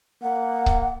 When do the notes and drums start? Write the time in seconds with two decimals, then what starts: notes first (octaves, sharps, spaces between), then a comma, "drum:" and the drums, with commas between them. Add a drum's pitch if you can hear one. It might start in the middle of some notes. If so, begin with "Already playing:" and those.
0.22 A#3 F#5
0.66 drum: kick C#1